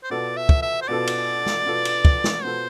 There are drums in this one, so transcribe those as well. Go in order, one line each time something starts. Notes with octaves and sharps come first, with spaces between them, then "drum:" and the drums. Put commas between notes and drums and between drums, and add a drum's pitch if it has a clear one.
C5
B2 B3 F4 A4 D5
E5
drum: kick
E5
C5
B2 B3 F4 A4 D5
drum: cymbal
drum: snare
B2 B3 F4 A4
drum: cymbal
drum: kick
drum: snare
B2 B3 F4 A4 C5